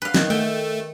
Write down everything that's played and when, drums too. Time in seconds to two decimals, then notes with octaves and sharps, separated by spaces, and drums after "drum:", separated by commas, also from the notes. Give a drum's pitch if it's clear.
0.02 B4 F5
0.14 D#3, drum: snare
0.30 A3 G5